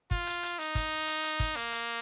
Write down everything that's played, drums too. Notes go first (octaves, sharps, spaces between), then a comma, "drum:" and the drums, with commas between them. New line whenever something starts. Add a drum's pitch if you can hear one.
F4, drum: kick
drum: hi-hat
drum: hi-hat
D#4, drum: hi-hat
drum: kick, hi-hat
drum: hi-hat
drum: hi-hat
drum: kick, hi-hat
A#3, drum: hi-hat
drum: hi-hat